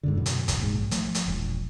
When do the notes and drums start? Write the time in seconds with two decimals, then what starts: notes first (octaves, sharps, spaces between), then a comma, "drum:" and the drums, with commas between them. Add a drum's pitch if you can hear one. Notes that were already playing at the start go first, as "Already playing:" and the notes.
0.03 G#2 B2 D3
0.16 F#2 B2
0.26 drum: hi-hat
0.48 drum: kick, hi-hat
0.60 A#1 G#2
0.91 F3 A3, drum: hi-hat
1.15 drum: hi-hat
1.26 E1 A#1